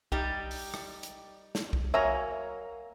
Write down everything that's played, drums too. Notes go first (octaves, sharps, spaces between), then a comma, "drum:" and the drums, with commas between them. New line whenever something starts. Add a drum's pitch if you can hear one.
G3 D#4 G4, drum: kick B1
drum: open hi-hat
drum: rim click
drum: hi-hat
drum: snare
drum: kick B1
F#3 A#3 C#5 E5 G#5 A#5